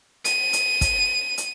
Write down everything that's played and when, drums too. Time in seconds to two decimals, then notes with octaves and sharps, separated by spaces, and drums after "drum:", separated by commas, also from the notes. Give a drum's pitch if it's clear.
0.25 D#7, drum: hi-hat
0.53 drum: hi-hat
0.81 drum: kick, hi-hat
1.38 drum: hi-hat